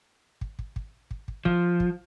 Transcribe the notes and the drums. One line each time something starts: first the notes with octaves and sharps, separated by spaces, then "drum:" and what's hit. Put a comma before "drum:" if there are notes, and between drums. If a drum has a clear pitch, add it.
drum: kick
drum: kick
drum: kick
drum: kick
drum: kick
F3, drum: kick
drum: kick